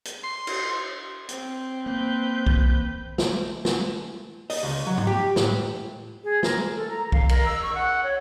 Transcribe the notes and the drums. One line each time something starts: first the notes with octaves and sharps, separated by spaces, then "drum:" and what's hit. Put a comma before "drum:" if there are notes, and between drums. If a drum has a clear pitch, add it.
drum: hi-hat
C6
drum: cymbal
C4, drum: hi-hat
A#3 B4 G6
drum: kick B1
drum: snare
drum: snare
D#5, drum: open hi-hat
C#2
F#3
drum: tom G#2
G4
A2, drum: snare
G#4
A#4, drum: snare
A4
A#5
F5, drum: kick B1
A#4, drum: cymbal
E6
C#6
F#5
C#5